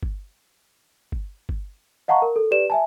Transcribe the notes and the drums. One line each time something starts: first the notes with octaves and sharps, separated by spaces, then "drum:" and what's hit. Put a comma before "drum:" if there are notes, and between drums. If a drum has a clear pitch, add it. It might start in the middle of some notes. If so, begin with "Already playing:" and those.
drum: kick G1
drum: kick G1
drum: kick G1
D#5 F5 F#5 A5 A#5 C#6
A#4
A4
G4 B4 D5 E7
E5 G#5 A5